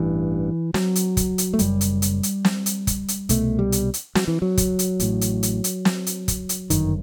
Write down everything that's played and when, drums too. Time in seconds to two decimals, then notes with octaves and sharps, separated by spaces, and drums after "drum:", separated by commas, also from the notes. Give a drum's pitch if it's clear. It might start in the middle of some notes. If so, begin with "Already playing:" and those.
Already playing: A1 G2 E3
0.74 F#3, drum: snare
0.96 drum: hi-hat
1.17 drum: kick, hi-hat
1.38 drum: hi-hat
1.54 A3
1.59 F#1 F#2 G3, drum: hi-hat
1.81 drum: hi-hat
2.02 drum: hi-hat
2.23 drum: hi-hat
2.45 drum: snare
2.66 drum: hi-hat
2.87 drum: kick, hi-hat
3.08 drum: hi-hat
3.29 C2 B2 A3, drum: hi-hat
3.59 G3
3.72 drum: hi-hat
3.94 drum: hi-hat
4.15 F#3, drum: snare
4.28 E3
4.42 F#3
4.57 drum: kick, hi-hat
4.79 drum: hi-hat
5.00 A1 A2, drum: hi-hat
5.21 drum: hi-hat
5.43 drum: hi-hat
5.64 drum: hi-hat
5.85 drum: snare
6.07 drum: hi-hat
6.28 drum: kick, hi-hat
6.49 drum: hi-hat
6.70 G1 F#2 D#3, drum: hi-hat